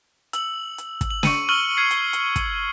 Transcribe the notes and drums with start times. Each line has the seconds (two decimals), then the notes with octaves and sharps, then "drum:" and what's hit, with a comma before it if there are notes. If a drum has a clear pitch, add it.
0.33 E6 F#7, drum: hi-hat
0.78 drum: hi-hat
1.01 drum: kick, hi-hat
1.10 F#7
1.23 C#6 C#7 D#7, drum: snare
1.49 C#6 E6 F6 D#7 F#7 G7
1.77 F6 G#6 C7 C#7
1.91 drum: hi-hat
2.13 drum: hi-hat
2.36 drum: kick, hi-hat